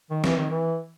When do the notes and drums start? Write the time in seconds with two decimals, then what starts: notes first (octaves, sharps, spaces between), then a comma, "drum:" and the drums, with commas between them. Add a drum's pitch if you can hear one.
0.10 D#3
0.24 E3, drum: snare
0.37 D#3
0.50 E3